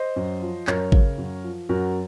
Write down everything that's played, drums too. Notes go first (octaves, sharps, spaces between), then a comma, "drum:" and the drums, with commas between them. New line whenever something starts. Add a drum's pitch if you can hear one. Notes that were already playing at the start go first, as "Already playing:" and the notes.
Already playing: C5 D#5
F#2
F3
F#2 A#4 C#5, drum: clap
C#3, drum: kick G#1
F#2
F3
F#2 F#4 A#4